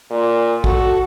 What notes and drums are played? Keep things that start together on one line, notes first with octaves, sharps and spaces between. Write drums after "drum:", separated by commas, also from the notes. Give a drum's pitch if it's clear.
A#2
F#4 A4, drum: kick